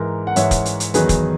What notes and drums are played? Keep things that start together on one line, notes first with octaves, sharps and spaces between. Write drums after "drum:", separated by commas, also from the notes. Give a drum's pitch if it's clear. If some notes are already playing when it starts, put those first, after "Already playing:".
Already playing: G#2 E3 A#4
F#5
G#2 E3 C#5 E5, drum: hi-hat
drum: kick, hi-hat
drum: hi-hat
drum: hi-hat
E2 D#3 F#3 G#4 B4, drum: hi-hat
drum: kick, hi-hat